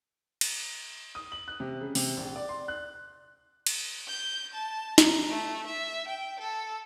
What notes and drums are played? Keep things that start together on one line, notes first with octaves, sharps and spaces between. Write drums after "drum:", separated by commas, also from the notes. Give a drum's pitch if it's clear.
drum: cymbal
D#6
F#7
F#6
C3
C#3
C3, drum: open hi-hat
A#1
D5
C6
F#6
drum: cymbal
G6
A5
A#5, drum: snare
A3
E5
G5
A4